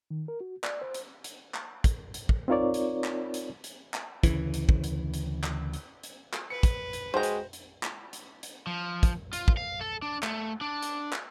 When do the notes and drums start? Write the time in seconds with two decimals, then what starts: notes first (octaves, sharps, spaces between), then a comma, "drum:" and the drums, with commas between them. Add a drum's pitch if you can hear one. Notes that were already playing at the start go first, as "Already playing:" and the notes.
0.11 D#3
0.28 A#4
0.41 F#4
0.64 D5, drum: clap
0.81 C5
0.94 drum: hi-hat
1.24 drum: hi-hat
1.54 drum: clap
1.84 drum: kick, hi-hat
2.14 drum: hi-hat
2.29 drum: kick
2.48 C4 D#4 F4 A#4 C#5 D5
2.74 drum: hi-hat
3.04 drum: clap
3.34 drum: hi-hat
3.64 drum: hi-hat
3.94 drum: clap
4.23 D2 C#3 E3, drum: kick, hi-hat
4.54 drum: hi-hat
4.69 drum: kick
4.84 drum: hi-hat
5.14 drum: hi-hat
5.44 drum: clap
5.74 drum: hi-hat
6.03 drum: hi-hat
6.33 drum: clap
6.50 B4 C#7
6.63 drum: kick, hi-hat
6.93 drum: hi-hat
7.14 G#3 F#4 C5 G5 A#5 G6
7.23 drum: hi-hat
7.53 drum: hi-hat
7.83 drum: clap
8.13 drum: hi-hat
8.43 drum: hi-hat
8.67 F3
9.03 drum: kick, hi-hat
9.33 F4, drum: hi-hat
9.48 drum: kick
9.57 F5
9.81 A4
10.02 D4
10.23 A3, drum: clap
10.61 D4
10.83 drum: hi-hat
11.12 drum: clap